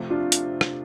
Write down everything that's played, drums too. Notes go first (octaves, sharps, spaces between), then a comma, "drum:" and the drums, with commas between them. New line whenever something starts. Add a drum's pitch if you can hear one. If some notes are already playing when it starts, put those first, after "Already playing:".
Already playing: C3 F3 A3
D4 F4
drum: hi-hat
drum: rim click